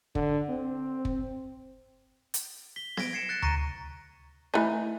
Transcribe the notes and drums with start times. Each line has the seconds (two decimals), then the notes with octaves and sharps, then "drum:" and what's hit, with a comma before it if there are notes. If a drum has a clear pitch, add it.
0.15 D3, drum: kick
0.49 C4
1.05 drum: kick
2.34 drum: hi-hat
2.76 B6 G7
2.97 G#6 A#6 B6 D7, drum: snare B3
3.13 G#6 C7 C#7 E7
3.29 F#6 A6 C#7
3.42 A#5 C#6 A#6 D#7, drum: tom D2
4.54 E3 A3 D#4 E4 G#5